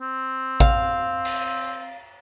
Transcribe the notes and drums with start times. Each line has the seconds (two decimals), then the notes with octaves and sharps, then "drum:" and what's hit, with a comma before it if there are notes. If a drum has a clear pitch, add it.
0.01 C4
0.60 F5, drum: kick A1
1.25 drum: cymbal